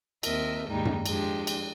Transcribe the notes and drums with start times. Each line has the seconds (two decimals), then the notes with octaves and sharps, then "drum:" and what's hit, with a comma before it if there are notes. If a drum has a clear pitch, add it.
0.23 D#2 C4 A#4 D#5 E5, drum: cymbal
0.70 D#2 G#2 G3 G#3 D#4
0.85 drum: tom F#2
1.06 F3 G#3 D4 G4, drum: cymbal
1.47 drum: cymbal